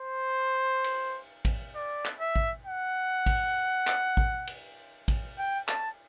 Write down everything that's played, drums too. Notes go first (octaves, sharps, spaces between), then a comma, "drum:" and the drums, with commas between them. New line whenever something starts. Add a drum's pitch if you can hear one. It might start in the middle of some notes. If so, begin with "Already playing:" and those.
Already playing: C5
drum: cymbal
drum: kick A1, cymbal
D5
drum: clap
E5
drum: kick A1
F#5
drum: kick A1, cymbal
drum: clap
drum: kick A1
drum: cymbal
drum: kick A1, cymbal
G5
A5, drum: clap